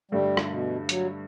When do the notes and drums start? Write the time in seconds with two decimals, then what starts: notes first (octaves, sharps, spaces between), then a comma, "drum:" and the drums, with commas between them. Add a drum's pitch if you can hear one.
0.11 G2 D3 G3 A3
0.37 drum: rim click
0.50 B2
0.89 F#3, drum: hi-hat